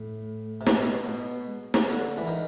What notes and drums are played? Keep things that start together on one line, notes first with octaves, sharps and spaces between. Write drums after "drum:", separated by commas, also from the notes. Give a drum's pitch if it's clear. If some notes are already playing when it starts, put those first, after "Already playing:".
Already playing: A2 A3
C3
B2, drum: snare
B2
G#3
drum: snare
D3
E3
D#3